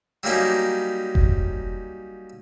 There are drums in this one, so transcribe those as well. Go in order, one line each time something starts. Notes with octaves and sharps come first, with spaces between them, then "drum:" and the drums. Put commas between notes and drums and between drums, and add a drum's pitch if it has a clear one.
F#3 G3 A#3 C#4 D#4
drum: kick F1